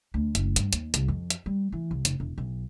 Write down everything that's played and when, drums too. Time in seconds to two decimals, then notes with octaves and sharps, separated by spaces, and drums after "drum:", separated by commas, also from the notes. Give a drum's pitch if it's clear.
0.14 D2
0.35 F#1, drum: hi-hat
0.56 G2, drum: hi-hat
0.73 D#2, drum: hi-hat
0.94 C2, drum: hi-hat
1.08 F2
1.30 drum: hi-hat
1.46 G3
1.72 E3
1.91 C2
2.05 F1, drum: hi-hat
2.20 E1
2.38 B1